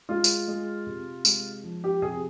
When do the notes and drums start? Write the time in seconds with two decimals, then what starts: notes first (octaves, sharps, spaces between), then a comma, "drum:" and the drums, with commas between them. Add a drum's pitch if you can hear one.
0.09 G#3 F4
0.24 drum: tambourine
0.48 G#3
0.87 C3
1.25 G#3, drum: tambourine
1.63 F3
1.84 G4
2.02 C3 G#4